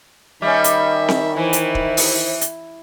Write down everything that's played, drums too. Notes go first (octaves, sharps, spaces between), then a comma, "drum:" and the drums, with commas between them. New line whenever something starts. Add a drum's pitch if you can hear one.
D#3 G3 C#4 D#5 E5
drum: hi-hat
drum: snare C4
E3 E4 C5
drum: hi-hat
drum: kick
drum: open hi-hat
drum: hi-hat